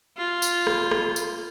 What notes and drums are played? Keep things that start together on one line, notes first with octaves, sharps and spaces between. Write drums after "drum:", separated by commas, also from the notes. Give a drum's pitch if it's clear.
F4
drum: tambourine
drum: rim click
drum: rim click
drum: tambourine